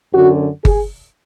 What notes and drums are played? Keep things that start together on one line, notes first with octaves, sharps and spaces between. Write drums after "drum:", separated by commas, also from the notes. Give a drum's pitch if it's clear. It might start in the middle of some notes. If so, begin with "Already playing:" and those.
F#2 D3 F#4
G#4, drum: kick G1